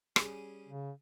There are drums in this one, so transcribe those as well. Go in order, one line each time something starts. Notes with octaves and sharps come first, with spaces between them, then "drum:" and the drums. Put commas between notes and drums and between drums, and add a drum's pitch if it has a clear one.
G3 C#4 G#4, drum: rim click
C#3